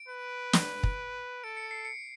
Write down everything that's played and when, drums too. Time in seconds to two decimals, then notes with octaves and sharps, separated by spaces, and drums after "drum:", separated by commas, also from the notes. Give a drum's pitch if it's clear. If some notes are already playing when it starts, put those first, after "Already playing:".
Already playing: D7
0.08 B4
0.53 drum: snare
0.83 drum: kick
1.44 A4 D7
1.57 C#7
1.71 C7
1.85 C#7